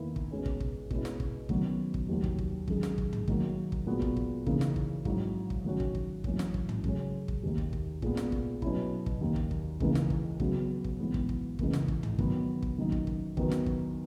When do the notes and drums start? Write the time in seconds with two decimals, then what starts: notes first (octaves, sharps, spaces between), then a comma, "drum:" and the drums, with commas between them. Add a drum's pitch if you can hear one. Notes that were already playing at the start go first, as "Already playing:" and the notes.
Already playing: E2 D#3 A#3 E4
0.16 drum: kick
0.31 B2 G#3 C#4
0.46 drum: kick
0.60 drum: kick
0.91 B2 G#3 C#4 E4, drum: kick
1.05 drum: snare
1.20 drum: kick
1.49 F#2 D#3 F#3 B3 F#4, drum: kick
1.94 drum: kick
2.09 D#2 D#3 F#3
2.24 drum: kick
2.38 drum: kick
2.68 F#2 D#3 G#3, drum: kick
2.83 drum: snare
2.98 drum: kick
3.13 drum: tom
3.28 D#3 F#3 A#3, drum: kick
3.72 drum: kick
3.86 A#2 G#3 B3 F#4
4.02 drum: kick
4.17 drum: kick
4.46 C#3 E3 A#3 D#4, drum: kick
4.61 drum: snare
4.76 drum: kick
5.05 G#2 F#3 C#4 E4, drum: kick
5.50 drum: kick
5.65 D#3 F#3 C#4 F#4
5.80 drum: kick
5.95 drum: kick
6.24 F#2 E3 A#3 C#4 F#4, drum: kick
6.39 drum: snare
6.54 drum: kick
6.69 drum: tom
6.84 F#2 C#3 G#3 C#4, drum: kick
7.28 drum: kick
7.43 D#2 D#3 A#3
7.58 drum: kick
7.73 drum: kick
8.02 A#2 G#3 B3, drum: kick
8.17 drum: snare
8.32 drum: kick
8.62 B2 F#3 C#4 E4, drum: kick
9.06 drum: kick
9.21 D#2 D#3 A#3
9.36 drum: kick
9.51 drum: kick
9.80 C#2 C#3 E3 A#3 D#4, drum: kick
9.95 drum: snare
10.10 drum: kick
10.40 C#3 F#3 B3 F#4, drum: kick
10.84 drum: kick
10.99 G#2 E3 B3
11.14 drum: kick
11.29 drum: kick
11.59 C#2 C#3 E3 A#3 E4, drum: kick
11.73 drum: snare
11.88 drum: kick
12.03 drum: tom
12.19 D#3 F#3 B3, drum: kick
12.62 drum: kick
12.77 F#2 D#3 A#3 D#4
12.92 drum: kick
13.07 drum: kick
13.37 E2 D#3 F#3 B3 F#4, drum: kick
13.51 drum: snare
13.66 drum: kick